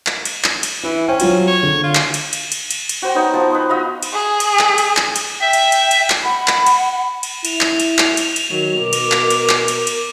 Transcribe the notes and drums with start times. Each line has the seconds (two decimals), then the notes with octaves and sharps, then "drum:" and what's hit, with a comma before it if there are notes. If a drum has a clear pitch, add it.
0.07 drum: clap
0.25 drum: cymbal
0.44 drum: clap
0.63 drum: cymbal
0.83 E3 E4
1.08 C#4 C5 G5
1.20 F#3 F4 F#4, drum: cymbal
1.47 C#5
1.63 D3
1.84 F4
1.95 drum: clap
2.14 drum: cymbal
2.33 drum: cymbal
2.52 drum: cymbal
2.71 drum: cymbal
2.89 drum: cymbal
3.02 F#4 C5 G5
3.15 B3 D#4 C#5 G5
3.34 F3 B3
3.50 B4 D#5 C6
3.69 F#4 D#5 F5 B5
4.03 drum: cymbal
4.13 G#4
4.40 drum: cymbal
4.59 drum: clap
4.78 drum: cymbal
4.97 drum: clap
5.16 drum: cymbal
5.41 E5 G5
5.53 drum: cymbal
5.72 drum: cymbal
5.91 drum: cymbal
6.10 drum: clap
6.22 F#5 B5
6.48 drum: clap
6.66 drum: cymbal
7.23 drum: cymbal
7.45 E4 F7, drum: cymbal
7.61 drum: clap
7.80 drum: cymbal
7.98 drum: clap
8.17 drum: cymbal
8.36 drum: cymbal
8.50 D#3 F#3
8.80 B2 A#4 D6
8.93 drum: cymbal
9.12 drum: clap
9.30 drum: cymbal
9.49 drum: clap
9.68 drum: cymbal
9.87 drum: cymbal